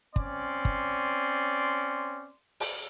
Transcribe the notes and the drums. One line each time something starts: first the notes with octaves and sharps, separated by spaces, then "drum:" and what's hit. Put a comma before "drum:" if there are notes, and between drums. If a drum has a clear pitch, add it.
C4 C#4 D5 C6, drum: kick
drum: kick
drum: open hi-hat